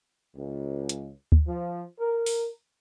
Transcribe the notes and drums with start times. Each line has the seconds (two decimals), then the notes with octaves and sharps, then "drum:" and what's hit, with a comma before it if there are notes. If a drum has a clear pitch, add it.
0.37 C#2
0.89 drum: hi-hat
1.32 drum: kick D2
1.48 F3
2.00 A#4
2.26 drum: open hi-hat